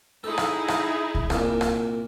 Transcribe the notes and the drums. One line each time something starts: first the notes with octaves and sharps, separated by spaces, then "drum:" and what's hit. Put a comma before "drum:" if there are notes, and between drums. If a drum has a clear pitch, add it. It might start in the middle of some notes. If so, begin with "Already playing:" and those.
D#4 E4 G#4 A4
drum: rim click
drum: rim click
drum: kick C2
C2 A#2, drum: rim click
drum: rim click